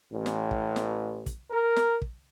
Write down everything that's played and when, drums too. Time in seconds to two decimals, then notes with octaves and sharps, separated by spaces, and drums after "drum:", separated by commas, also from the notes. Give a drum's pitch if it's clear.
0.13 A1
0.26 drum: snare
0.51 drum: kick
0.76 drum: snare
1.26 drum: kick, hi-hat
1.51 A#4
1.76 drum: snare
2.02 drum: kick